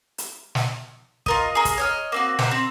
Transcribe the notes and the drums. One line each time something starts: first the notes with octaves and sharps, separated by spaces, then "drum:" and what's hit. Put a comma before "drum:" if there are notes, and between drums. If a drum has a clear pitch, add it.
drum: hi-hat
drum: snare
F4 A#4 D#5, drum: kick
G#4 A#4
drum: kick, hi-hat
C#5 D#5 F6
A#3 C4 F#4
G4 A#4 C5 F#5, drum: snare
C4